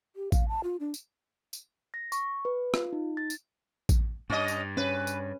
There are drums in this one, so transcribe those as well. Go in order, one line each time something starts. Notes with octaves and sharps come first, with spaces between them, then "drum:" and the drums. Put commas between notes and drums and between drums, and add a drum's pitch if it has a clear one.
G4
F5, drum: kick A1, tambourine
A5
F4
D4
drum: tambourine
drum: tambourine
A#6
C#6, drum: tambourine
B4
F4, drum: rim click
D#4
A6
drum: tambourine
drum: kick A1, tambourine
G2 C#4 D#5
drum: tambourine
C#4 B4
drum: tambourine